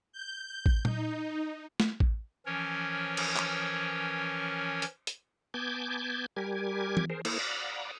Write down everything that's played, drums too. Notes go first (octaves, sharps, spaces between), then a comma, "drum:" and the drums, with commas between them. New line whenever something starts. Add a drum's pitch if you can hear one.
G6
drum: kick A1
D#4, drum: tom A#2
drum: snare A3
drum: kick A1
E3 F3 C#4 A#4 C#5
drum: cymbal
drum: clap
drum: hi-hat
drum: hi-hat
B3 G#5 A5 D6 G6 G#6
G3 G4 A#4 G#5 D6 G#6
drum: tom E3
G#4 A#4 C5
A#3 E4 A4 C5, drum: cymbal
D5 F5 F#5 A#5 B5 D6